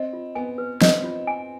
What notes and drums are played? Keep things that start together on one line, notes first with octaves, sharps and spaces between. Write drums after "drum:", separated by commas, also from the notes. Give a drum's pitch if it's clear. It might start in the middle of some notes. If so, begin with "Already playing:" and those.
Already playing: C4 D#5
F4
B3 G#5
B4
C4 D#5, drum: snare
F4
G#5